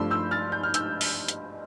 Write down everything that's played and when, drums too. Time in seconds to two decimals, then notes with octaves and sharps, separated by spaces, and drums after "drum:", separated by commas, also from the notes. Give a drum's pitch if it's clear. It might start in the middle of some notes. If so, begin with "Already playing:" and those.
Already playing: G2 F3 A3 D4 C6 E6
0.10 E6 G6
0.31 F6 A6
0.52 G6
0.63 F6
0.74 E6 G6, drum: hi-hat
1.01 drum: open hi-hat
1.28 drum: hi-hat